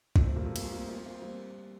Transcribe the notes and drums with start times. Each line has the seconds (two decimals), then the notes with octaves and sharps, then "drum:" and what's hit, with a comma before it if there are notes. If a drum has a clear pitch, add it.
0.16 F3 A3, drum: kick
0.26 A3 C4
0.36 G3 A#3
0.45 F3 A3
0.56 A#3, drum: cymbal
0.64 C4
0.73 A#3
0.81 C4
0.88 A#3
0.97 C4
1.06 A#3
1.14 C4
1.22 G3 A#3